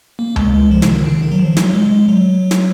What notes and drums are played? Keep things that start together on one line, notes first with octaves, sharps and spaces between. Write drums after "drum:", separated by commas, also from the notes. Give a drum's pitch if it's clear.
A#3
G#3, drum: tom C#2
G#3
F3
C#3, drum: snare
D#3
C#3
D#3
F#3
F3
F#3, drum: snare
G#3
G#3
F#3
drum: snare